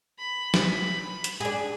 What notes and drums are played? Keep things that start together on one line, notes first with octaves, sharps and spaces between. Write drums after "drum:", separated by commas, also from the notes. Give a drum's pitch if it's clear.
B5
drum: snare
drum: hi-hat
D4 G#4